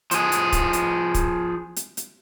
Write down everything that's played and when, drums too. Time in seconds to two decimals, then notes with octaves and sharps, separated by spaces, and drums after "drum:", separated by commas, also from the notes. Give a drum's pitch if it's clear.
0.11 F3 G#4, drum: hi-hat
0.32 drum: hi-hat
0.52 drum: kick, hi-hat
0.73 drum: hi-hat
1.14 drum: kick, hi-hat
1.76 drum: hi-hat
1.97 drum: hi-hat